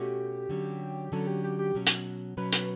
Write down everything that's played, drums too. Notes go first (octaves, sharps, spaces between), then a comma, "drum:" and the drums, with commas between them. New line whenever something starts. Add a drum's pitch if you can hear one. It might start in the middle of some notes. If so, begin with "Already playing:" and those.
Already playing: B2 A3 C#4 F#4 G4
D3 F#3 C#4
D3 F#3 C#4 A4
G4
G4
G4
B2 F#3 C#4
drum: hi-hat
B2 F#3 C#4 B4
B4, drum: hi-hat